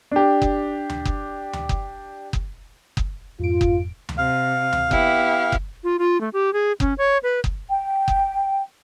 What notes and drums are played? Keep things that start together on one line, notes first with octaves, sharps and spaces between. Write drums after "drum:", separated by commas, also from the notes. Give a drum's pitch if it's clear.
D4 G4
drum: kick F#1
drum: tom D2
drum: kick F#1
drum: tom D2
drum: kick F#1
drum: kick F#1
drum: kick F#1
F2 G#2 F4 D7
drum: kick F#1
drum: tom D2
C3 F5
drum: tom D2
B3 E4 G4, drum: kick F#1
drum: kick F#1
F4
F4
A3
G4
G#4
C#4, drum: kick F#1
C#5
B4
drum: kick F#1
G5
drum: kick F#1